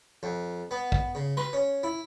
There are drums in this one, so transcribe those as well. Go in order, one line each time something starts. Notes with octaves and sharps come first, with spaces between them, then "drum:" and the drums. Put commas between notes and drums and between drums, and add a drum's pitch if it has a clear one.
F2
B3
drum: kick
C#3
B4, drum: rim click
C#4
E4